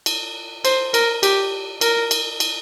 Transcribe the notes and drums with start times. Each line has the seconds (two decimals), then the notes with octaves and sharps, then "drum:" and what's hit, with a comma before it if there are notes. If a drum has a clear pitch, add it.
0.06 drum: cymbal
0.65 C5, drum: cymbal
0.94 A#4, drum: cymbal
1.23 G4, drum: cymbal
1.81 A#4, drum: cymbal
2.11 drum: cymbal
2.40 drum: cymbal